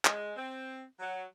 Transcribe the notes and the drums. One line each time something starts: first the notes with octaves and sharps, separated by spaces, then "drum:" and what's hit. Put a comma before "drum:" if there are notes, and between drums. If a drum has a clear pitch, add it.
G#3, drum: clap
C4
F#3